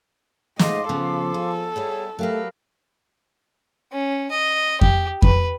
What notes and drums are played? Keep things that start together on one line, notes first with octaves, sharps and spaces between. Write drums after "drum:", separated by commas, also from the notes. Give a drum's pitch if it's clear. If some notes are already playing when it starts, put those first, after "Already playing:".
G#2 A3 F4 D#5 F5 C6 D6, drum: snare
C#3 F3 B3 A4
G#4
G3 B3 E4 G#4 C#5
F#3 A3 G4 A#4 B4 F5
C#4
D#5
G4, drum: kick F2
B4, drum: kick F2